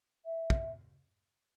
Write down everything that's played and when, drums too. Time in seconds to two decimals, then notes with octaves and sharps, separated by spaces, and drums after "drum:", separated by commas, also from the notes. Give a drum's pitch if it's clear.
0.25 E5
0.50 drum: kick